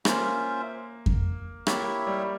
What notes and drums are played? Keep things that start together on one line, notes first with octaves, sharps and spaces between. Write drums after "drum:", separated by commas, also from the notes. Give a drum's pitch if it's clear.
A#3 C#4 F4 C5 E5, drum: rim click
drum: kick F2
A#3 E4 G4 C#5 E5, drum: rim click
G3